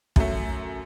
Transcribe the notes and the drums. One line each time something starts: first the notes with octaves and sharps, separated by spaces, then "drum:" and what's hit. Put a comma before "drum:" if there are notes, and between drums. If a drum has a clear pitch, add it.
B1 F#2 F#3 A3, drum: kick